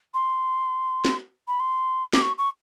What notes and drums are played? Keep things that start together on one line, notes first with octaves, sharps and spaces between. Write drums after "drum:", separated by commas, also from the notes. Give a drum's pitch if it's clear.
C6
drum: snare
B5
C6
D6, drum: snare
C#6
C#6